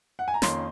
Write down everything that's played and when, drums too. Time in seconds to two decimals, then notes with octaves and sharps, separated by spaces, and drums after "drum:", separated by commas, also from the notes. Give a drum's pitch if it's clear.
0.19 F#5
0.28 G#5
0.34 A#5
0.42 F2 D#3 A#3 C#4 C6, drum: snare